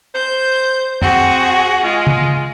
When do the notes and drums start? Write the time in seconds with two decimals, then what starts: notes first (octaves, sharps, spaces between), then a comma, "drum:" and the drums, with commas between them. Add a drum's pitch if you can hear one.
0.15 C5 G6
1.02 C4 F#4 G#4, drum: tom F2
1.84 G#3 F4
2.07 drum: tom